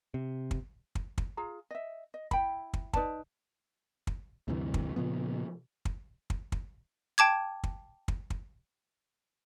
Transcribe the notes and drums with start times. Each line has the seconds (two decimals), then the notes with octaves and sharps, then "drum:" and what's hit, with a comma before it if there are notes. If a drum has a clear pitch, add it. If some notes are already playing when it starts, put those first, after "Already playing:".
0.14 C3
0.51 drum: kick
0.95 drum: kick
1.18 drum: kick
1.37 F4 G#4 A#5
1.71 D#5 E5
2.14 D#5
2.31 E4 G5 B5, drum: kick
2.74 drum: kick
2.93 D#4 B4 D5 A5, drum: kick
4.07 drum: kick
4.48 D2 G2 C3 E3
4.74 drum: kick
4.96 A#2 C#3 F3 B3
5.85 drum: kick
6.30 drum: kick
6.52 drum: kick
7.18 G5 A5 D6 G#6
7.64 drum: kick
8.08 drum: kick
8.30 drum: kick